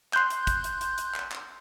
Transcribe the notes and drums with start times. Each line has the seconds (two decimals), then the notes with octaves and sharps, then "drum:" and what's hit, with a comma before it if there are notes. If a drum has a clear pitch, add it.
0.14 C6 F#6 G6, drum: clap
0.30 drum: hi-hat
0.47 drum: kick, hi-hat
0.64 drum: hi-hat
0.81 drum: hi-hat
0.98 drum: hi-hat
1.15 drum: clap
1.32 drum: clap